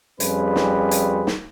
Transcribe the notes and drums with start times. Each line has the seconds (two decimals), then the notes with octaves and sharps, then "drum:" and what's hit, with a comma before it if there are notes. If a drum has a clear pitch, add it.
0.20 F2 G3 C#4 F4 G#4 B4, drum: hi-hat
0.56 drum: snare
0.91 drum: hi-hat
1.27 drum: snare